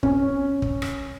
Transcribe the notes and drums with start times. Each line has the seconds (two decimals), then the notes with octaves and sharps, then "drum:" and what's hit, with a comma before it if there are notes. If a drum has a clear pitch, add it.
0.03 C#4, drum: kick
0.62 drum: kick
0.82 drum: rim click